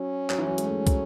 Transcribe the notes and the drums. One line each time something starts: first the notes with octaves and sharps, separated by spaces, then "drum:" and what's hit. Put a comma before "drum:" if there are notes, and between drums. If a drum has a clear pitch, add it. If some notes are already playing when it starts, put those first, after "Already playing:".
Already playing: F#3 C#4
F#3, drum: clap
E3
F#3
G#3, drum: hi-hat
A3
G#3
F#3, drum: kick, hi-hat